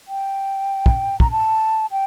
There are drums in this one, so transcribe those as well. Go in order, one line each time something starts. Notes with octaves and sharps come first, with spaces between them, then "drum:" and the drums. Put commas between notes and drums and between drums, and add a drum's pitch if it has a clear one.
G5
drum: kick
A#5, drum: kick
A5
G5